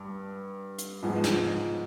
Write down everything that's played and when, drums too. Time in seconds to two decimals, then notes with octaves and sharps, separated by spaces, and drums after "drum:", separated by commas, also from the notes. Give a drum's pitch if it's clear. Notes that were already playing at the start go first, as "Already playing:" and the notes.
Already playing: G2
0.78 drum: hi-hat
1.03 G#2 F3 G#3 B3
1.24 drum: snare